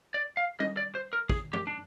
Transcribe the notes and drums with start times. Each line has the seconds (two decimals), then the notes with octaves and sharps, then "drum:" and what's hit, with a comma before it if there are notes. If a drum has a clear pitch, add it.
0.14 D5
0.37 F5
0.60 D#5, drum: tom G3
0.77 D5
0.95 C5
1.13 A#4
1.29 G#4, drum: kick
1.53 G4, drum: tom
1.67 D4